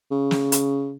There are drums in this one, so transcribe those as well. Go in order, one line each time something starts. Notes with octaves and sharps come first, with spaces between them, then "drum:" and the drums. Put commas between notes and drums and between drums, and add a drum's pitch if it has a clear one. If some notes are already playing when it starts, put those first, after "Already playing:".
C#3
drum: snare
drum: hi-hat